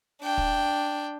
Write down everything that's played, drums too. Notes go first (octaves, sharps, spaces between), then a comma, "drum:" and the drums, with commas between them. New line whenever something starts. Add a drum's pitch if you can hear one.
D4 G5
drum: kick